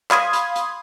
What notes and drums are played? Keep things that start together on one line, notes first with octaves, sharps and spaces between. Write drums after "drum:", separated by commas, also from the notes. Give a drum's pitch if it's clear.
F5 B5 C6 D#6 G#6, drum: clap
drum: hi-hat
drum: hi-hat